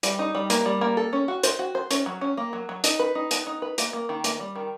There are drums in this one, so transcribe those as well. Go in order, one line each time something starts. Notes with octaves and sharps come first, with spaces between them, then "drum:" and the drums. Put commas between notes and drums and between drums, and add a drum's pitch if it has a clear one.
G3, drum: hi-hat
D#4
G3
A#3, drum: hi-hat
G3
A#3
A4
C#4
F#4
C5, drum: hi-hat
F#4
C5
C#4, drum: hi-hat
F#3
C#4
A#3
F#3
F#3
D#4, drum: hi-hat
B4
D#4
B3, drum: hi-hat
D#4
B4
A#3, drum: hi-hat
A#3
D#3
A#3, drum: hi-hat
G3
D#3